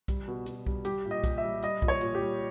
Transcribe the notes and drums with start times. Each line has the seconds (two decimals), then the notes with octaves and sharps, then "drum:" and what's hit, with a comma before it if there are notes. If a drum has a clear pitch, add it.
0.08 G3, drum: kick B1, hi-hat
0.28 B2
0.46 B2, drum: hi-hat
0.67 G3, drum: kick B1
0.85 G3 G4, drum: hi-hat
1.05 A#2
1.11 D#5
1.24 A#2, drum: kick B1, hi-hat
1.38 E5
1.44 G3
1.63 G3 D#5, drum: hi-hat
1.82 A#2, drum: kick B1
1.88 C#5
2.01 A#2, drum: hi-hat
2.15 G4
2.21 G3